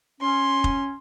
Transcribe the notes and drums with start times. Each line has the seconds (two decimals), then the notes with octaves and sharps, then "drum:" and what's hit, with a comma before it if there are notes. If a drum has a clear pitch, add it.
0.21 C#4 C6
0.64 drum: kick F1